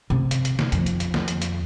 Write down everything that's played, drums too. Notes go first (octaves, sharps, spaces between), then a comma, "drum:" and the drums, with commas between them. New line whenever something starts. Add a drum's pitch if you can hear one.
C3
drum: hi-hat
drum: hi-hat
drum: snare
F2, drum: hi-hat
drum: hi-hat
drum: hi-hat
drum: snare
drum: hi-hat
drum: hi-hat